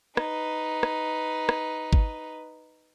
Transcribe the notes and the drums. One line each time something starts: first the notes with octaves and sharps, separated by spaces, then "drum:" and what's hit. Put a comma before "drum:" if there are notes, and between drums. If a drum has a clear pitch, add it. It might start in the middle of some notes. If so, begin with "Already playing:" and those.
D#4 B4, drum: rim click
drum: rim click
drum: rim click
drum: kick G#1